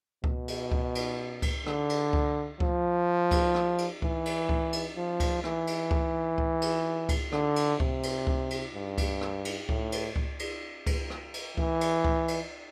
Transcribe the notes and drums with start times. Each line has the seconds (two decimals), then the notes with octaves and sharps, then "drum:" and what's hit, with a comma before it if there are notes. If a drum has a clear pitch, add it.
0.24 B2, drum: kick C#2
0.48 drum: cymbal
0.72 drum: kick C#2
0.95 drum: cymbal
1.42 drum: kick C#2, cymbal
1.66 D3, drum: rim click
1.90 drum: cymbal
2.13 drum: kick C#2
2.60 F3, drum: kick C#2
3.31 drum: kick C#2, cymbal
3.55 drum: rim click
3.78 drum: cymbal
4.02 E3, drum: kick C#2
4.26 drum: cymbal
4.49 drum: kick C#2
4.73 drum: cymbal
4.97 F3
5.20 drum: kick C#2, cymbal
5.44 E3, drum: rim click
5.67 drum: cymbal
5.91 drum: kick C#2
6.38 drum: kick C#2
6.62 drum: cymbal
7.09 drum: kick C#2, cymbal
7.32 D3, drum: rim click
7.56 drum: cymbal
7.80 C3, drum: kick C#2
8.03 drum: cymbal
8.27 drum: kick C#2
8.50 drum: cymbal
8.74 G2
8.98 drum: kick C#2, cymbal
9.21 drum: rim click
9.45 drum: cymbal
9.69 A2, drum: kick C#2
9.92 drum: cymbal
10.16 drum: kick C#2
10.39 drum: cymbal
10.86 drum: kick C#2, cymbal
11.10 drum: rim click
11.34 drum: cymbal
11.57 E3, drum: kick C#2
11.81 drum: cymbal
12.04 drum: kick C#2
12.28 drum: cymbal